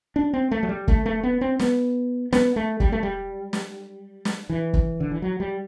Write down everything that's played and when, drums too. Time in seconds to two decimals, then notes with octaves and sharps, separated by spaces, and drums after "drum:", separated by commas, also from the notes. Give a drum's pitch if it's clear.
0.16 D4
0.33 C4
0.51 A3
0.63 F#3
0.69 G3
0.88 A3, drum: kick
1.06 A3
1.23 B3
1.41 C4
1.59 B3, drum: snare
2.33 B3, drum: snare
2.56 A3
2.80 G3, drum: kick
2.92 A3
3.03 G3
3.53 drum: snare
4.25 drum: snare
4.50 E3
4.73 drum: kick
5.00 D3
5.11 E3
5.22 F#3
5.40 G3